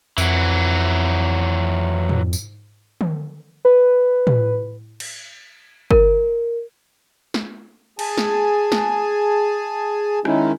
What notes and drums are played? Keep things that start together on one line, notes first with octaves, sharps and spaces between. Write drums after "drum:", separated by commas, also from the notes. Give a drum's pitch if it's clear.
F2 E3 F#3, drum: tambourine
drum: tom
drum: tambourine
drum: tom
B4
drum: tom
drum: cymbal
A#4, drum: kick G1
drum: snare
G#4 G#5 A5, drum: cymbal
drum: snare
drum: snare
D#3 G#3 C#4 D#4 E4, drum: rim click